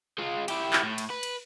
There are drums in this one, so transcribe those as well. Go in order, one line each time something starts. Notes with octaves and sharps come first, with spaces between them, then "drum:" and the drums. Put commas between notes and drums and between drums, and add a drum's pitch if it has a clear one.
G#3 F4
E4 G4, drum: cymbal
drum: clap
A2
drum: cymbal
B4
drum: cymbal